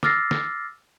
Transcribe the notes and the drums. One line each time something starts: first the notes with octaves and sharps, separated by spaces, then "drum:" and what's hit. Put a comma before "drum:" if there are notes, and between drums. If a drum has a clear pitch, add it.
D6 E6 F6 A6 A#6 C7, drum: snare
drum: snare